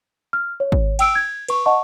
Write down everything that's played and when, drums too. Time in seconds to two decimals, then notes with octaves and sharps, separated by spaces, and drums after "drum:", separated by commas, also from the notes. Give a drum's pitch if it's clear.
0.33 F6
0.60 C#5
0.72 drum: kick G#1
0.99 G5 E6 D7, drum: cymbal
1.15 G#6
1.49 B4 C#6, drum: cymbal
1.66 D#5 F#5 A5 C#6